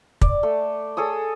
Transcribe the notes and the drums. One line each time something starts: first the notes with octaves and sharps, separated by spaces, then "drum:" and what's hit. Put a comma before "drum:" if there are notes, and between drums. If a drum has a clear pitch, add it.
D5, drum: kick
A3
G#4 A4 C#5 D#6